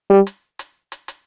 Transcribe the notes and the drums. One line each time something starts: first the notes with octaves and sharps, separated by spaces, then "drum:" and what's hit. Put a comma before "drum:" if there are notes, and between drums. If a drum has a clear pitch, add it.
G3
drum: hi-hat
drum: hi-hat
drum: hi-hat
drum: hi-hat